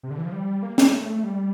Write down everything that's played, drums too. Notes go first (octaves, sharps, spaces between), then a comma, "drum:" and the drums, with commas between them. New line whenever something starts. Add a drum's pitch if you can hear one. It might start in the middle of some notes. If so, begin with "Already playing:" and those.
C3
D3
E3
F3
G3
A#3
drum: snare
A3
A3
G3